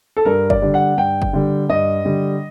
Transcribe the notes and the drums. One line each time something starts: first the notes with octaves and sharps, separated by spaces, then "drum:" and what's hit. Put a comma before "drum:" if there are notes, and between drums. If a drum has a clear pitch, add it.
A4
G2 A#4
D5, drum: kick
D3 G3 D4
F#5
G2 G5
drum: kick
D3 G3
G2 D#5
D3 G3